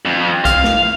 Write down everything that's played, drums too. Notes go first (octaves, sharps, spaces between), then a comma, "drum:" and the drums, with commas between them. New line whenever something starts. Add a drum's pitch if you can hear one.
F2
F5, drum: kick B1, hi-hat
drum: snare